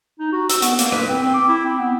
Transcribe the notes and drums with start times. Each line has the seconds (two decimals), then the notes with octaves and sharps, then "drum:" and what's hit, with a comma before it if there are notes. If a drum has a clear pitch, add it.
0.19 D#4
0.32 F#4
0.49 E6, drum: hi-hat
0.62 B3, drum: hi-hat
0.79 A#3, drum: hi-hat
0.92 B4, drum: rim click
1.08 C4
1.21 C4
1.34 D6
1.48 E4
1.65 C4
1.79 B3